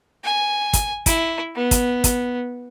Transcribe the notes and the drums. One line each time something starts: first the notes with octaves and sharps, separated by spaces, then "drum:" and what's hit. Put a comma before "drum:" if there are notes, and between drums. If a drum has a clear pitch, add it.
G#5
drum: kick, hi-hat
E4, drum: kick, hi-hat
B3
drum: kick, hi-hat
drum: kick, hi-hat